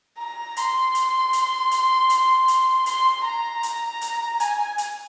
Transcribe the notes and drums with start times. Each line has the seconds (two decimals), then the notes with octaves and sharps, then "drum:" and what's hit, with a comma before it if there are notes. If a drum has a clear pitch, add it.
0.18 A#5
0.56 C6, drum: hi-hat
0.95 drum: hi-hat
1.33 drum: hi-hat
1.71 drum: hi-hat
2.10 drum: hi-hat
2.48 drum: hi-hat
2.86 C6, drum: hi-hat
3.24 A#5
3.63 drum: hi-hat
4.01 drum: hi-hat
4.40 G#5, drum: hi-hat
4.78 drum: hi-hat